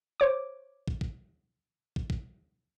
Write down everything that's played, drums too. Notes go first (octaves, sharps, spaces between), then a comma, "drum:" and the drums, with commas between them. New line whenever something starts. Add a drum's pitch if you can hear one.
C5 C#5 D6
drum: kick
drum: kick
drum: kick
drum: kick